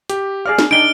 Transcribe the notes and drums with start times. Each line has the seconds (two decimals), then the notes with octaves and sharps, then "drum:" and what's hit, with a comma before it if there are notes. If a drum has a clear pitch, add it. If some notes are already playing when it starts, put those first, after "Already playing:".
0.10 G4, drum: hi-hat
0.46 G#4 D5 F5 F6
0.58 drum: snare
0.71 D4 D#4 D7 G7